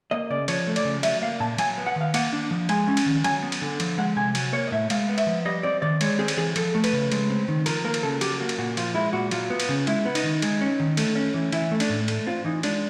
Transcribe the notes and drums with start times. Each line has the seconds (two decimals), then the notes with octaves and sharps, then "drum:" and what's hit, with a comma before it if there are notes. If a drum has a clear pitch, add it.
0.11 A#3 D#5
0.30 C#3 D5
0.48 F3 C#5, drum: cymbal
0.67 A3
0.76 D5, drum: cymbal
0.85 C#3
1.03 F#3 E5, drum: cymbal
1.22 A#3 F5
1.40 A#2 A5
1.58 F#3 G#5, drum: cymbal
1.78 B3
1.87 F#5
1.96 D#3 F5
2.14 A#3 F#5, drum: cymbal
2.33 D4
2.51 F3
2.69 G#3 G#5, drum: cymbal
2.88 C#4
2.97 drum: cymbal
3.06 D#3
3.24 F#3 G#5, drum: cymbal
3.43 B3
3.52 drum: cymbal
3.62 D3
3.80 F3, drum: cymbal
3.98 G#3 F#5
4.16 C3 G#5
4.35 F#3, drum: cymbal
4.53 A#3 C#5
4.67 D#5
4.71 A2 E5
4.90 G#3 F5, drum: cymbal
5.09 B3
5.18 E5, drum: cymbal
5.27 F3
5.45 G3 D#5
5.63 C4 D5
5.82 D#3 D5
6.01 G#3 C#5, drum: cymbal
6.19 C4 G#4
6.28 drum: cymbal
6.37 E3 G#4
6.56 F3 A4, drum: cymbal
6.75 A3
6.84 B4, drum: cymbal
6.93 C#3
7.12 G#3, drum: cymbal
7.30 C4
7.48 D#3
7.66 F3 A#4, drum: cymbal
7.85 A#3 A#4
7.94 drum: cymbal
8.03 C#3 A4
8.21 F#3 G4, drum: cymbal
8.40 A#3 F#4
8.49 drum: cymbal
8.58 A#2 F#4
8.77 F3 F4, drum: cymbal
8.95 G#3 E4
9.13 A#2 F#4
9.31 F#3 F4, drum: cymbal
9.50 B3
9.60 drum: cymbal
9.69 C#3
9.87 G#3 E4, drum: cymbal
10.05 B3
10.15 D#4, drum: cymbal
10.24 D#3
10.42 G#3, drum: cymbal
10.61 C#4
10.80 D#3
10.97 A3, drum: cymbal
11.15 C#4
11.34 E3
11.52 E3 E4, drum: cymbal
11.72 A3
11.80 D4, drum: cymbal
11.90 A2
12.08 A3, drum: cymbal
12.27 C4 F4
12.45 E3 D#4
12.63 G#3 D4, drum: cymbal